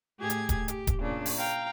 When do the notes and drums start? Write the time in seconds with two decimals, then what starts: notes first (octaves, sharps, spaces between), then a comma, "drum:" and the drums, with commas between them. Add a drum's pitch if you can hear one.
0.19 A2 G4 G#4 G#6
0.30 drum: hi-hat
0.49 drum: kick D#1, hi-hat
0.68 G4, drum: hi-hat
0.87 drum: kick D#1, hi-hat
1.01 A#2 C#3 D4
1.26 drum: open hi-hat
1.36 F5 G5 A#5